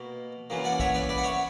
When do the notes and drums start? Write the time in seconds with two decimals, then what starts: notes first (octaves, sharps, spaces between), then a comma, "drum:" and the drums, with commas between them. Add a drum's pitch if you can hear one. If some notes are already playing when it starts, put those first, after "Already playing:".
Already playing: B2 A#3
0.50 F#2 E3 A#3
0.64 D5 F#5
0.80 C#5 E5, drum: kick A#1
0.95 B4 D5
1.09 B4 D5
1.18 F#5
1.24 C#5 E5